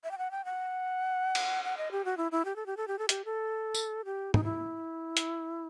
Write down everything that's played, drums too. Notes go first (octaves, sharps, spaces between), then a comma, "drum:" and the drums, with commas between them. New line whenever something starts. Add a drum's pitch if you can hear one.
E5
G5
F#5
G5
F#5
drum: cymbal
F#5
D#5
G4
F#4
E4
E4
G4
A4
G4
A4
G4
A4
G4, drum: hi-hat
A4
drum: tambourine
G4
D#4, drum: tom G#2
E4
drum: hi-hat